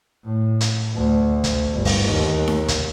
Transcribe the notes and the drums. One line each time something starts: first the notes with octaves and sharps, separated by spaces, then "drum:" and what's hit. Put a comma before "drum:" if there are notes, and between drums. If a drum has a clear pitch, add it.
A2
drum: hi-hat
D2
drum: kick, hi-hat
G1
drum: kick, open hi-hat
D#2
drum: snare D#4
drum: kick, hi-hat